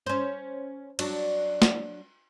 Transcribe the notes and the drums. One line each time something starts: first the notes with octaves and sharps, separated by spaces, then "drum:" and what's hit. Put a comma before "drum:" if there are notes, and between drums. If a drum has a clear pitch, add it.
C#4 C5
F#3 D4, drum: cymbal
drum: snare